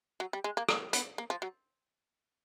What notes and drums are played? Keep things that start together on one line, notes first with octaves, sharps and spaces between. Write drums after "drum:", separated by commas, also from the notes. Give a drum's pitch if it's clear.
F#3
G3
G#3
A#3
A#3, drum: rim click
B3, drum: hi-hat
A#3
F3
F#3